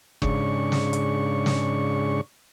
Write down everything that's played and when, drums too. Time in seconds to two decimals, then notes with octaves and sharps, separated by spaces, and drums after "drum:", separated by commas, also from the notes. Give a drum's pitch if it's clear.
0.22 G#2 C#3 D4 C#6, drum: kick F#1
0.72 drum: snare
0.93 drum: hi-hat
1.46 drum: snare